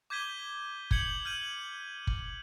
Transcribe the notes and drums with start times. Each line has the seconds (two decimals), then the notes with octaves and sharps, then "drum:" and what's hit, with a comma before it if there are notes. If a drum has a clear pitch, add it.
0.10 D6 G6 G#6 B6 D#7 G7
0.91 G6 G#6 C#7 F#7, drum: kick
1.25 F6 G6 D#7 F#7
2.07 drum: kick